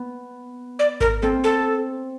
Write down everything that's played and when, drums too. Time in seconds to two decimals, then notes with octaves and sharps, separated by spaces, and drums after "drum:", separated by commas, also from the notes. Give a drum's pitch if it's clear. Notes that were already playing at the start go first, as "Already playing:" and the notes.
Already playing: B3
0.79 D5
1.01 A#4, drum: kick G#1
1.22 C4 A4
1.44 A4